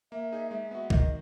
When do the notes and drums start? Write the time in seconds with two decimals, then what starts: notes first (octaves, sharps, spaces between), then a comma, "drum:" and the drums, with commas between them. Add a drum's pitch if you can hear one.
0.12 A#3 E5
0.32 D#4 G#4
0.51 G#3 E5
0.71 B3 F#4
0.90 D#3 D#5, drum: kick